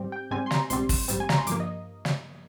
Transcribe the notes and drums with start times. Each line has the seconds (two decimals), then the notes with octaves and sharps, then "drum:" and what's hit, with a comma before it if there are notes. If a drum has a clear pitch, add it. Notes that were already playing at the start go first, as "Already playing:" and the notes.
Already playing: G#2 G3 C4
0.12 G5
0.31 G#2 G3 C4 G#5
0.46 C6
0.51 A#5, drum: snare
0.70 A#1 G#2 G3 C4 C6, drum: hi-hat
0.89 drum: kick, open hi-hat
1.08 A#1 G#2 G3 C4, drum: hi-hat
1.20 G#5
1.29 A#5, drum: snare
1.38 C6
1.47 G2 F3 A#3 D6, drum: hi-hat
1.60 D#5
2.05 drum: snare